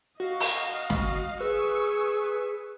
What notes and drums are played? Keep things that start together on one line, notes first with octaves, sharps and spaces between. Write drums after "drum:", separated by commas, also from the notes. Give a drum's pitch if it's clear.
F#4 D#5 F5
drum: open hi-hat
drum: snare
G#4 B4 C#6 E6